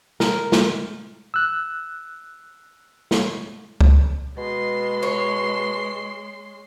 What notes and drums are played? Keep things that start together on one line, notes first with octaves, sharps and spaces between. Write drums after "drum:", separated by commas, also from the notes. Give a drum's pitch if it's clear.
A#4, drum: snare
drum: snare
E6 F#6
drum: snare
drum: kick C#2
B2 G#3 C6
C#5